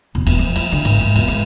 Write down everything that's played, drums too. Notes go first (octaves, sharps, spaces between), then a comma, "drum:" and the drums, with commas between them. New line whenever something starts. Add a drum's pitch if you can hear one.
E1
E1, drum: cymbal
F3
F3, drum: cymbal
D3
G#1, drum: cymbal
G#2
E1, drum: cymbal
G#2